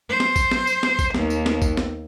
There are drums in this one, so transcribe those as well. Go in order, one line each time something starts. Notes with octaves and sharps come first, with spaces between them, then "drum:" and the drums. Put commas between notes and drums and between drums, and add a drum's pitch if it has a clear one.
C5
drum: snare
drum: kick A#1, tambourine
drum: snare
drum: tambourine
drum: snare
drum: kick A#1, tambourine
D#2, drum: snare
drum: tambourine
drum: snare
drum: kick A#1, tambourine
drum: snare